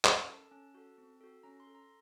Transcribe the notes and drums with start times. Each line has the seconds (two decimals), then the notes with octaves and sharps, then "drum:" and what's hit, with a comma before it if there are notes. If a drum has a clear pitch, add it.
0.05 C#4 A#4, drum: clap
0.28 A4 A5
0.51 C#4 A5
0.75 F#4 A4
0.98 C4
1.21 F#4 A4
1.43 C#4 A#5
1.60 C6
1.67 A4
1.75 A#5